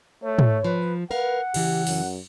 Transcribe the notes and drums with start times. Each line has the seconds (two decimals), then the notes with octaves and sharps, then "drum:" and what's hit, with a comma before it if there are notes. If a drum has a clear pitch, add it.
0.24 A3 C#5
0.39 drum: tom
0.64 F3 B4
1.11 A#4 B4 F5 F#5
1.54 C#3 E3 G4, drum: cymbal
1.87 F#2, drum: open hi-hat